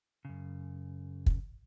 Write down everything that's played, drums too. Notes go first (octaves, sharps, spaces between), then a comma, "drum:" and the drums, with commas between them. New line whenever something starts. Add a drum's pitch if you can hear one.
F#2 C#3
drum: kick